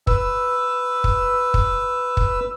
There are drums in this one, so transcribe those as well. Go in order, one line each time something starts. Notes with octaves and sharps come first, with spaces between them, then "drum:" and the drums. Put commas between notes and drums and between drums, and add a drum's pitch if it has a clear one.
B4 E6, drum: kick
drum: kick
drum: kick
drum: kick